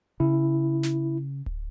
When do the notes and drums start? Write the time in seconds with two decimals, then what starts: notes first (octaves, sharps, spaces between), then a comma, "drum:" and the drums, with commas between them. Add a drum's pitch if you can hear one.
0.20 C#3 E4
0.83 drum: snare
1.46 drum: kick D1